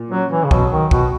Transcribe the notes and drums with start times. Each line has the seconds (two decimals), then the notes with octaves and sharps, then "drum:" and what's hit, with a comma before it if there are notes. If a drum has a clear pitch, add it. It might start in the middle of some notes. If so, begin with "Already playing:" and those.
Already playing: A#2
0.11 F#3 C#4
0.32 E3
0.44 C#3
0.51 B2 F#3, drum: kick
0.72 D#3
0.91 B2 F#4, drum: kick